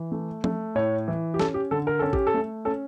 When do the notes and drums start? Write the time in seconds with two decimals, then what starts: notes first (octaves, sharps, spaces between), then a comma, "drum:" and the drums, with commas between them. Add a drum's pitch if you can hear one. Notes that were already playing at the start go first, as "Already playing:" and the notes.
Already playing: E3
0.12 A3
0.44 A3, drum: tom F3
0.75 A2 C#5
1.08 E3
1.34 G4
1.39 C#4 A4, drum: snare
1.54 G4
1.71 D3 A4
1.87 A#4
1.99 C#4 A4
2.13 G4, drum: kick A1
2.27 A4
2.34 A3
2.65 C#4 A4